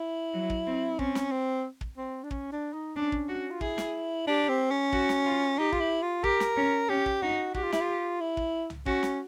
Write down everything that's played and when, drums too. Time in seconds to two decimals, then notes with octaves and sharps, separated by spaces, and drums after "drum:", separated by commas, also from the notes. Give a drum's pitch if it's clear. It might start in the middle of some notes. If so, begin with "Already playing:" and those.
Already playing: E4
0.34 F#3
0.50 drum: kick
0.67 C4
0.99 C4 C#4, drum: kick
1.15 drum: snare
1.31 C4
1.81 drum: kick
1.97 C4
2.23 D4
2.31 C#4, drum: kick
2.52 D4
2.73 D#4
2.96 C#4 D4
3.12 drum: kick
3.29 F#4
3.51 F4
3.61 E4 G#4, drum: kick
3.78 drum: snare
4.27 D4 G4
4.49 C4
4.71 C#4
4.92 F#4, drum: kick
5.09 drum: snare
5.25 F4
5.58 D#4 G4
5.72 F4, drum: kick
5.80 E4
6.02 F4
6.24 G4 A#4, drum: kick
6.40 drum: snare
6.57 C#4
6.89 C#4 G4
7.06 drum: kick
7.22 D#4 F#4
7.54 F#4 G4, drum: kick
7.63 F4
7.72 E4, drum: snare
7.81 F4
8.21 E4
8.37 drum: kick
8.70 drum: tom C2
8.86 C#4 F#4, drum: kick
9.03 drum: snare